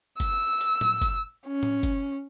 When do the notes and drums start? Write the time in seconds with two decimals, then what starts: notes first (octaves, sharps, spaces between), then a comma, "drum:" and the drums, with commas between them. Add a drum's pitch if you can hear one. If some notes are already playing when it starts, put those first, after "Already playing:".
0.20 E6, drum: kick F#1, hi-hat
0.61 drum: hi-hat
0.81 drum: tom A2
1.02 drum: kick F#1, hi-hat
1.48 C#4
1.63 drum: tom A2
1.83 drum: kick F#1, hi-hat